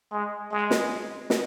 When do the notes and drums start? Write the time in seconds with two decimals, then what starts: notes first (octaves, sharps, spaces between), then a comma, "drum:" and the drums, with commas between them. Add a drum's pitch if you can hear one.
0.12 G#3
0.51 G#3
0.71 drum: snare
1.30 drum: snare